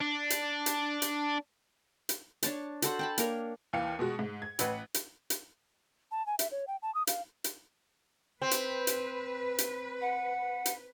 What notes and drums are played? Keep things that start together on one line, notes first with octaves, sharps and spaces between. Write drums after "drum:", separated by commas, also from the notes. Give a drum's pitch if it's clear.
D4
drum: hi-hat
drum: hi-hat
drum: hi-hat
drum: hi-hat
D4 C#5 A5, drum: hi-hat
F#4 A4 C5 F#5, drum: hi-hat
G5 A5 B5
A#3 D4 A#4 C#5, drum: hi-hat
D#2 E3 F5 C#7
B2 G#3 F#4
G#2
G#6
A1 B4 F#5, drum: hi-hat
drum: hi-hat
drum: hi-hat
A5
G#5
E5, drum: hi-hat
C#5
G5
A5
D#6
F5, drum: hi-hat
drum: hi-hat
C4 B4
drum: hi-hat
drum: hi-hat
drum: hi-hat
F#5
drum: hi-hat